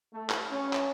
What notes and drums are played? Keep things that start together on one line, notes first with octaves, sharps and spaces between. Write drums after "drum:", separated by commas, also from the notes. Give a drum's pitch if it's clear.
A3
drum: clap
C#4
drum: clap